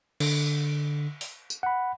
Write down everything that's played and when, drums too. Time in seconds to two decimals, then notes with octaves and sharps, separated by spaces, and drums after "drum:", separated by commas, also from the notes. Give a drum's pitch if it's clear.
0.20 D3, drum: cymbal
1.21 drum: open hi-hat
1.50 drum: tambourine
1.63 F#5 B5